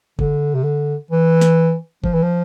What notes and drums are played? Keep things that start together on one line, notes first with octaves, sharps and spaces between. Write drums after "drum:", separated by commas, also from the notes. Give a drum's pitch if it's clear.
D3, drum: kick
C3
D3
E3
drum: snare
F3, drum: kick
E3
F3